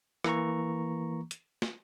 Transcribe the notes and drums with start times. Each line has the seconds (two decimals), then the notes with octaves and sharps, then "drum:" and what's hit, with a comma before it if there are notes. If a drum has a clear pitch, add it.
0.24 E3 A#3 A#5 C#6, drum: rim click
1.31 drum: hi-hat
1.62 drum: snare